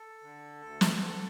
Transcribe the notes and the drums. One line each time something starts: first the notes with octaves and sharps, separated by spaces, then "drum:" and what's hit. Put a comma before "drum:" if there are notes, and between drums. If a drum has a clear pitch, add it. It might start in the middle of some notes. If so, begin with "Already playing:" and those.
Already playing: A4
D3
D2
drum: snare
D3